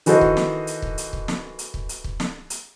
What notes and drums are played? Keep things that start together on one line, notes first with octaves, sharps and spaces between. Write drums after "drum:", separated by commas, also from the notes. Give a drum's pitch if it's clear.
D#3 E3 F#4 A4 C5 D#5, drum: hi-hat
drum: kick
drum: snare
drum: hi-hat
drum: kick
drum: hi-hat
drum: kick
drum: snare
drum: hi-hat
drum: kick
drum: hi-hat
drum: kick
drum: snare
drum: hi-hat